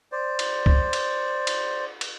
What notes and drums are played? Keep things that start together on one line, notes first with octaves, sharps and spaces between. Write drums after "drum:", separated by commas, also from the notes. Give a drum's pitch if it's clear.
C5 D5
drum: cymbal
drum: kick
drum: cymbal
drum: cymbal
drum: cymbal